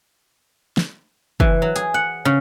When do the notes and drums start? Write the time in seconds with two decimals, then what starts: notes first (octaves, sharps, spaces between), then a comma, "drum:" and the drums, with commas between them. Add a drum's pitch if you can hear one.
0.77 drum: snare
1.40 E3, drum: kick
1.62 F#3
1.76 G#4, drum: hi-hat
1.94 F#5
2.25 C#3